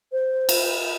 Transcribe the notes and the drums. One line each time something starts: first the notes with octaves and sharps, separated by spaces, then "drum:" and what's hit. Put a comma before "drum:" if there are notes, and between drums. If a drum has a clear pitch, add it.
C5
drum: cymbal